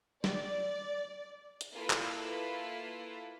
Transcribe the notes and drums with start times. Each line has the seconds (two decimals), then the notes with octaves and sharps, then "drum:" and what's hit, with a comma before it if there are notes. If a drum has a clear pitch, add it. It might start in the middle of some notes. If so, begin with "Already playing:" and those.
0.24 D5, drum: snare
1.61 drum: hi-hat
1.74 A#3 E4 F4 A4 B4
1.90 drum: clap